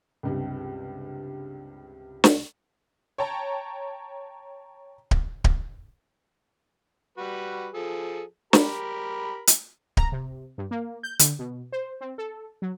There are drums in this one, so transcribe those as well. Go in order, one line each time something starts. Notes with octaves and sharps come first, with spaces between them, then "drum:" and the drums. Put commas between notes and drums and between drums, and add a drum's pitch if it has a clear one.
C#2 G2 C3
drum: snare
C#5 G5 A5 A#5
drum: kick D1
drum: kick D1
G3 F#4 B4
F3 G#4 A4
G4 A#4 B5, drum: snare
drum: hi-hat
A#5, drum: kick D1
C3
G2
A#3
G6
D3, drum: hi-hat
B2
C5
C4
A4
F#3